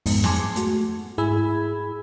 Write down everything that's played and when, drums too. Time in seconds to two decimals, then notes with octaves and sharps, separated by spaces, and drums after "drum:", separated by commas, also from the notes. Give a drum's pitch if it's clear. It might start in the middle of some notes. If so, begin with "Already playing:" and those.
0.06 F2 G#2 G#3 B3 D#4, drum: open hi-hat
0.24 G#4 G#5 A5 C6 D6 G#6, drum: snare
0.56 A3 F#4, drum: hi-hat
1.18 G#2 E4 G#4 B5 E6 G#6